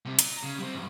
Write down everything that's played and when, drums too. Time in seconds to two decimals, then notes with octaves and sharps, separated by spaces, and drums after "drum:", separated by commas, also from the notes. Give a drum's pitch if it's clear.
0.05 C2 C3
0.19 D5 A#5, drum: hi-hat
0.43 C#3
0.58 G3 C4
0.75 E2 G2